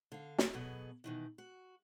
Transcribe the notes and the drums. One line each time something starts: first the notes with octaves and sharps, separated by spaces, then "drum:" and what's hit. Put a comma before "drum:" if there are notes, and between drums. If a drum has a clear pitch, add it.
D3 F5
drum: snare
B2 F#3 B3 G#4 A4
B2 D#3 E3
F#4